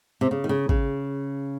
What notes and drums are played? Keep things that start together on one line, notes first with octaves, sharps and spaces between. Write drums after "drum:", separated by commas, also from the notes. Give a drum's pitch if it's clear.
C3
C#3
D#3
C#3
C#3, drum: kick